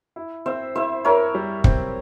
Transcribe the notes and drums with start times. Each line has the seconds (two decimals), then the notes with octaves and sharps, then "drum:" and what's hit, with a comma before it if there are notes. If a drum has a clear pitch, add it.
0.16 E4
0.46 C4 C5 E5
0.75 E4 C5 E5
1.05 E4 A#4 C#5
1.35 G3
1.64 C4, drum: kick